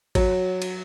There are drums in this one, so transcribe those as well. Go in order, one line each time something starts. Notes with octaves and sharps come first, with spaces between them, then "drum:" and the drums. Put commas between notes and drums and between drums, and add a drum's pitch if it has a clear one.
F#3, drum: kick, cymbal
drum: cymbal